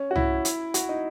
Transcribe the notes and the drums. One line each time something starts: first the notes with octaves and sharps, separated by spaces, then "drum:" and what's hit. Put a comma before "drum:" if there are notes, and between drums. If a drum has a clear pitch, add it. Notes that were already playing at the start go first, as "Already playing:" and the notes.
Already playing: C#4
F#4
E4, drum: tom C2
drum: hi-hat
F#4, drum: hi-hat
D#4